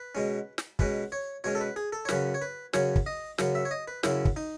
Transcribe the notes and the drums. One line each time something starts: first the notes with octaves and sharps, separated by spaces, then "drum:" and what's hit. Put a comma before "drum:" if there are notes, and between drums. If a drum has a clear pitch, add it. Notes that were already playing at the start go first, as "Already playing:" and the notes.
Already playing: B4
B2 G#3 C#4
drum: snare
B2 G#3 C#4 B4, drum: kick
C#5
B2 G#3 C#4 C#5
A4
B4
G#4
A4
C#5
F#2 C#3 F#3 C#4 B4, drum: snare
C#5
B4
F#2 C#3 F#3 C#4 C#5, drum: snare
drum: kick
D#5
F#2 C#3 F#3 C#4, drum: snare
E5
C#5
D#5
B4
F#2 C#3 F#3 C#4 E4, drum: snare
drum: kick
D#4